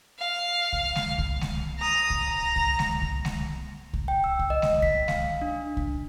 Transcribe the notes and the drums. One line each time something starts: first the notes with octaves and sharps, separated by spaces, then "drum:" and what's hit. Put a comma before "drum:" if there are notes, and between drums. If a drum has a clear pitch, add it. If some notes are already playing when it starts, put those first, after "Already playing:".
F5
drum: kick C2
drum: snare G#3
drum: kick C2
drum: snare G#3
A#5 D#6
drum: kick C2
A#5
drum: kick C2
drum: snare G#3
drum: kick C2
drum: snare G#3
drum: kick C2
G5
E6
drum: kick C2
D#5
drum: snare G#3
B6, drum: kick C2
F5, drum: snare G#3
D4
drum: kick C2